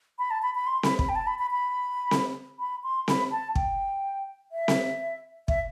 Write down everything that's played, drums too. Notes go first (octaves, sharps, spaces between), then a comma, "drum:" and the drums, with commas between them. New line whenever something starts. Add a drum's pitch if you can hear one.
B5
A5
B5
B5
C6
B5, drum: snare C4
B5, drum: kick
G5
A5
B5
B5
B5
drum: snare C4
B5
C6
B5, drum: snare C4
A5
G5, drum: kick
E5
drum: snare C4
E5, drum: kick